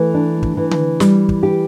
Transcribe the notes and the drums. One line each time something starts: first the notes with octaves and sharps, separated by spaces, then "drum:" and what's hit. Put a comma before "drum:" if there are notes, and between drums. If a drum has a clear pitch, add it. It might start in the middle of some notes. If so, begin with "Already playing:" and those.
Already playing: E3 A3
D4
drum: kick
E3
drum: tom D3
G3, drum: snare
drum: kick
G4